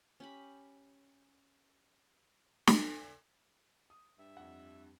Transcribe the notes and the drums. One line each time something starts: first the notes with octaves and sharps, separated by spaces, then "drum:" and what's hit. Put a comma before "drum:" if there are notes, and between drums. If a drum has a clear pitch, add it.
C#4 G4 B5
drum: snare
D#6
G2 E5
F2 F#5